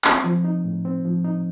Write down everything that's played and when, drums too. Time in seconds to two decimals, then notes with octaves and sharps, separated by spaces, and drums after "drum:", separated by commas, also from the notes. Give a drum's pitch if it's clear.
0.05 C4, drum: clap
0.24 F3
0.44 D#4
0.64 A2
0.85 C4
1.05 F3
1.24 D#4